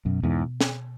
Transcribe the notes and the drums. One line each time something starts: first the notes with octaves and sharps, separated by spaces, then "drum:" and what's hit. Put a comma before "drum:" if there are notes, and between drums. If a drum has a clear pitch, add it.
F#2 B2
E2 G#2
drum: snare